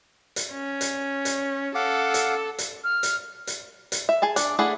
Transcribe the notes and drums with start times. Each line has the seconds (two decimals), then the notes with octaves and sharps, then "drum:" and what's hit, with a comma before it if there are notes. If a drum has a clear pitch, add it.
0.36 drum: hi-hat
0.51 C#4
0.81 drum: hi-hat
1.25 drum: hi-hat
1.75 A4 F5 F#5 D6
2.14 drum: hi-hat
2.58 drum: hi-hat
2.84 F6
3.03 drum: hi-hat
3.47 drum: hi-hat
3.92 drum: hi-hat
4.09 E5
4.22 G#4 G#5 A5
4.36 D4, drum: hi-hat
4.59 A3 D4 E4 G#4 F#5